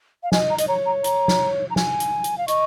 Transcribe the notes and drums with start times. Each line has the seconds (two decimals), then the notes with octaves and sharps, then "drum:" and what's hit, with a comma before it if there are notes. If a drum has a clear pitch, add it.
0.23 F5
0.32 D#5 G#5, drum: snare
0.50 A#5
0.58 D#5, drum: hi-hat
0.68 C#5 A#5
0.86 A#5
1.04 A#5, drum: hi-hat
1.28 drum: snare
1.70 A#5
1.76 G#5, drum: snare
2.00 drum: hi-hat
2.24 drum: hi-hat
2.38 F5
2.48 D#5 C#6, drum: hi-hat